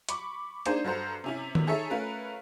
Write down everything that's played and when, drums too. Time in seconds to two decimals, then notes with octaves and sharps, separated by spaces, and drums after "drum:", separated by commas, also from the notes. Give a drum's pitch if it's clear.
0.09 B5 C#6 D6, drum: hi-hat
0.66 A#3 D4 D#4 G#4 C5, drum: hi-hat
0.84 G2 F#4 A4 C5 A#5
1.24 C3 C#4 E4
1.55 drum: tom D#3
1.67 D#4 G#4 A4 C#5 E5
1.90 A3 C#4 F4 A#4 B4